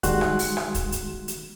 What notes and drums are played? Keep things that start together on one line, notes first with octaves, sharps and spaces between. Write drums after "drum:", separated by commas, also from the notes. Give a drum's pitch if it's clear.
D#3 G3 G#3 F#4 C6 F#6, drum: kick, hi-hat
drum: rim click
drum: open hi-hat
drum: rim click
drum: kick, hi-hat
drum: hi-hat
drum: hi-hat